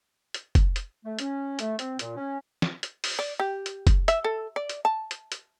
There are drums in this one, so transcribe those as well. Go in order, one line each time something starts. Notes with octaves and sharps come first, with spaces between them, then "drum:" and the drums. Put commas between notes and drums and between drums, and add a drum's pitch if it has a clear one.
drum: hi-hat
drum: kick, hi-hat
drum: hi-hat
A3
C#4, drum: hi-hat
A3, drum: hi-hat
C4, drum: hi-hat
A#2, drum: hi-hat
C#4
drum: snare
drum: hi-hat
drum: open hi-hat
D5
G4
drum: hi-hat
drum: kick, hi-hat
E5, drum: hi-hat
A4
D5
drum: hi-hat
A5
drum: hi-hat
drum: hi-hat